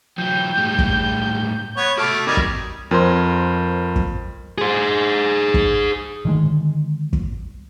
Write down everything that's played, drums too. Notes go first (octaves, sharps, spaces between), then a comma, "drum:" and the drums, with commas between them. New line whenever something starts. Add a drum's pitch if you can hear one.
E3 F#3 G5 G6
A2 G3 G#3
drum: kick
B3 C#5 C#6
A3 F#4 A5 D6 F6
G3 C4 D#4 F#4 A#4 G#6
drum: kick
F2 A#4 C5 C6
drum: kick
G#4 C5
drum: kick
D3 D#3 G#3
drum: kick